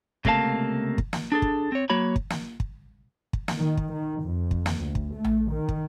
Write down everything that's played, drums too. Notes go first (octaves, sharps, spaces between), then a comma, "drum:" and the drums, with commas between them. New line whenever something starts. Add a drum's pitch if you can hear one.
C#2 C3 A3 A#3 F5 A5, drum: kick
drum: kick
drum: snare
D4 G#4 A4
drum: kick
C4 C#5
F#3 A#3 F#4 C#5 B5
drum: kick
drum: snare
drum: kick
drum: kick
drum: snare
D#3
drum: kick
D#3
F2
drum: kick
drum: snare
D2
drum: kick
A3
drum: tom A#1
D#3
drum: kick